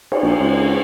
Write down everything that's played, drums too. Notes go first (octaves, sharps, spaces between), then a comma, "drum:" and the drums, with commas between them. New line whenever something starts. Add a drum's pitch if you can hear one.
drum: cymbal
A#1
C#2